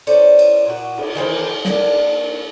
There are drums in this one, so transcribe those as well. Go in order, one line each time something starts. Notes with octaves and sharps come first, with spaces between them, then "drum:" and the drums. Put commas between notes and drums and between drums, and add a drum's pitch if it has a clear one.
C#4 A4 C5 D5, drum: cymbal
drum: cymbal
A#2 F#4
drum: cymbal
D#3 E3 A#3 C5
A#3 D4, drum: snare